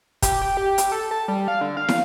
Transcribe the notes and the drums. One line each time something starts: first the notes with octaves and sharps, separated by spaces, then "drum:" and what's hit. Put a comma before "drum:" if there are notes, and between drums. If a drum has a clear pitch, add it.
G4, drum: kick, hi-hat
G5
G4
drum: hi-hat
A4
A5
G3
F5
D3
F5
drum: snare